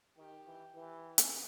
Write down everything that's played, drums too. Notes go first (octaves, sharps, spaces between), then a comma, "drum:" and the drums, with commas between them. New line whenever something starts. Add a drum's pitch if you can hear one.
D#3 G4
E3
E3 G4
drum: hi-hat